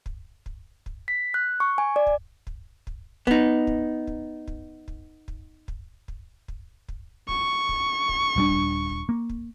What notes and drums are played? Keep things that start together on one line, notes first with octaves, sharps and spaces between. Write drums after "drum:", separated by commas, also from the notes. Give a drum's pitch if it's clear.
drum: kick
drum: kick
drum: kick
B6
F#6
C#6
G#5
D5
drum: kick
drum: kick
drum: kick
B3 D#4, drum: kick
drum: kick
drum: kick
drum: kick
drum: kick
drum: kick
drum: kick
drum: kick
drum: kick
drum: kick
C#6, drum: kick
drum: kick
drum: kick
D#1 G3 D4
drum: kick
drum: kick
A#3
drum: kick